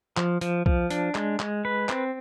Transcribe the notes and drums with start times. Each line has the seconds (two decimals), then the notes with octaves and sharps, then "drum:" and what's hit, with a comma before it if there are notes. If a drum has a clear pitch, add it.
0.17 F3, drum: clap
0.41 F3, drum: hi-hat
0.66 F3, drum: kick B1
0.90 D4, drum: hi-hat
1.15 G#3, drum: clap
1.40 G#3, drum: clap
1.65 B4
1.89 C4, drum: clap